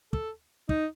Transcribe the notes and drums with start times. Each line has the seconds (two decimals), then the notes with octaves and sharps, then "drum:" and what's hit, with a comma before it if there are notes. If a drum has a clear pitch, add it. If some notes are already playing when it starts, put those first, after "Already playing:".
0.13 A4, drum: kick
0.69 D#4, drum: kick